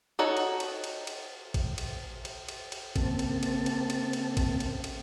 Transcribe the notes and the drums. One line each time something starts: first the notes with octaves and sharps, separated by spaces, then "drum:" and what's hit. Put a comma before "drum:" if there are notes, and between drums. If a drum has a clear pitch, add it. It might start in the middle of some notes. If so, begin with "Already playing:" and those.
D#4 F#4 A4 C#5 D#5
drum: cymbal
drum: cymbal
drum: cymbal
drum: cymbal
drum: kick A1, cymbal
drum: cymbal
drum: cymbal
drum: cymbal
drum: cymbal
C#3 A#3 C4 A5, drum: kick A1, cymbal
drum: cymbal
drum: cymbal
drum: cymbal
drum: cymbal
drum: cymbal
drum: kick A1, cymbal
drum: cymbal
drum: cymbal